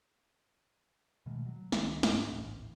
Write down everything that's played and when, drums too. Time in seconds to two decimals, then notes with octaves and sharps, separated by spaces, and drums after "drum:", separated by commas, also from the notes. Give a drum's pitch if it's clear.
1.26 B2 D#3 G#3 A3
1.46 F#3
1.72 C#2 D#3 G3, drum: snare
2.03 G#2, drum: snare
2.31 D1 A1